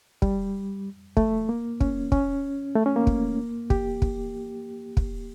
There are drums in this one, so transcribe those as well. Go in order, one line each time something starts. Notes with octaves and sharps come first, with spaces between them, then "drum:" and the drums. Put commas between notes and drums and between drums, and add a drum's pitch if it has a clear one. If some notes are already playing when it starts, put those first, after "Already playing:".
G3, drum: kick
A3, drum: kick
A#3
C#4, drum: kick
C#4, drum: kick
A3
C#4
A#3
drum: kick
G4, drum: kick
drum: kick
drum: kick